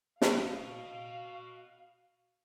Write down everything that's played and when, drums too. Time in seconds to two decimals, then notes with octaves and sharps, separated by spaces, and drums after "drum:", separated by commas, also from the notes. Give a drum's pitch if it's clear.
0.22 F#4 D#5 F5, drum: snare